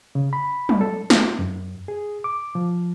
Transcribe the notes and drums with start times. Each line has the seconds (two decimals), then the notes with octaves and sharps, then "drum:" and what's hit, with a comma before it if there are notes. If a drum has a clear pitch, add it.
0.15 C#3
0.33 B5
0.69 drum: tom F#3
0.81 A4
1.10 A3, drum: snare
1.39 F#2
1.88 G#4
2.24 D6
2.55 F3